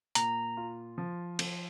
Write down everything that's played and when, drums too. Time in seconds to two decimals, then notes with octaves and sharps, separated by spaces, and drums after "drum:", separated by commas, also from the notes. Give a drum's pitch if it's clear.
0.15 A#2 A#5, drum: hi-hat
0.57 F4
0.98 F3
1.39 F3, drum: cymbal